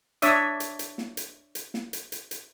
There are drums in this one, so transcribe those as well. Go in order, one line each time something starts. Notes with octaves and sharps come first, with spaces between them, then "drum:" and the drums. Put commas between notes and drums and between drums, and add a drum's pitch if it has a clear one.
D4 C#5 D5 E5 D#6, drum: hi-hat
drum: hi-hat
drum: hi-hat
drum: snare
drum: hi-hat
drum: hi-hat
drum: snare
drum: hi-hat
drum: hi-hat
drum: hi-hat